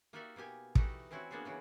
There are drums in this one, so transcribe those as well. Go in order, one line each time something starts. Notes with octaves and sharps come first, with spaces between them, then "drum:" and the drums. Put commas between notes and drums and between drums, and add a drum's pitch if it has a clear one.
A#3 D#4 F#4 G4 D5 E5
B2 A#3 G4 G#5
E3 A3 D#4 F#4 G4 D#5, drum: kick
E3 C4 C#4 E4 F#4
A#3 B3 D4 F#4 G#4
C#3 E3 F#4